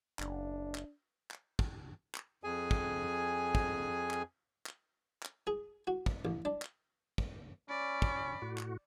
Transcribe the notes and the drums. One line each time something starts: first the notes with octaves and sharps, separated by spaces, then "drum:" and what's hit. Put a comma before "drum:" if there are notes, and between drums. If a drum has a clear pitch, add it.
F#1 D4, drum: clap
drum: clap
drum: clap
drum: kick
drum: clap
F2 G#4 G#5
drum: kick
drum: kick
drum: clap
drum: clap
drum: clap
G#4
F#4
drum: kick
A1
D4
drum: clap
drum: kick
C#4 D5 B5
drum: kick
A2 F#4
drum: clap